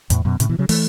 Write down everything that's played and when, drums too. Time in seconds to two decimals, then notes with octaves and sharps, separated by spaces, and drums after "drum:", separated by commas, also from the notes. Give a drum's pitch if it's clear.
0.10 E2 A2, drum: hi-hat
0.25 F#2 B2
0.40 A2 C#3, drum: hi-hat
0.49 B2 E3
0.59 C#3 F#3
0.69 E3 A3, drum: open hi-hat